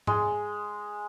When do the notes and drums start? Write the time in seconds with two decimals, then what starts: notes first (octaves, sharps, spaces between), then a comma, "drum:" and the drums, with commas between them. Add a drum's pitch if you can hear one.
0.07 G#3, drum: tom G#2